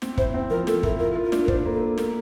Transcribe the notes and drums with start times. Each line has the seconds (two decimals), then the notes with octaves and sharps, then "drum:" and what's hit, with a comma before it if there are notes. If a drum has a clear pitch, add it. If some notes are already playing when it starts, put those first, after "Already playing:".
0.02 C4, drum: snare
0.17 E4 C5, drum: kick
0.34 C4
0.50 F3 A#4
0.67 F3 A4, drum: snare
0.83 E4 A#4, drum: kick
0.99 F4 A#4
1.16 F4
1.24 A#4
1.32 D4, drum: snare
1.45 A#4
1.48 D4 C5, drum: kick
1.66 A#3
1.73 A4
1.82 A#3
1.98 A4 A#4, drum: snare